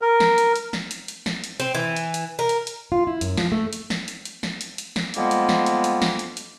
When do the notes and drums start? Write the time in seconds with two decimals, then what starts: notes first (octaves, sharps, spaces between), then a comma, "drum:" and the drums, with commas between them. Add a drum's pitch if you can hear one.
0.02 A#4
0.20 drum: snare
0.38 drum: hi-hat
0.56 drum: hi-hat
0.73 drum: snare
0.91 drum: hi-hat
1.08 drum: hi-hat
1.26 drum: snare
1.44 drum: hi-hat
1.60 C4, drum: hi-hat
1.75 E3
1.96 drum: hi-hat
2.14 drum: hi-hat
2.39 A#4
2.49 drum: hi-hat
2.67 drum: hi-hat
2.92 F4
3.07 E4
3.21 F#2, drum: hi-hat
3.37 F3, drum: snare
3.52 A3
3.73 drum: hi-hat
3.90 drum: snare
4.08 drum: hi-hat
4.25 drum: hi-hat
4.43 drum: snare
4.61 drum: hi-hat
4.78 drum: hi-hat
4.96 drum: snare
5.14 F2 G3 G#3 A#3 B3, drum: hi-hat
5.31 drum: hi-hat
5.49 drum: snare
5.66 drum: hi-hat
5.84 drum: hi-hat
6.02 drum: snare
6.19 drum: hi-hat
6.37 drum: hi-hat